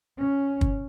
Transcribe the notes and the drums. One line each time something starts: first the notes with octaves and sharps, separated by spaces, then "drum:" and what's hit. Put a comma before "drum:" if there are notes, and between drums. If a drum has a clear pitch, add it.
C#4
drum: kick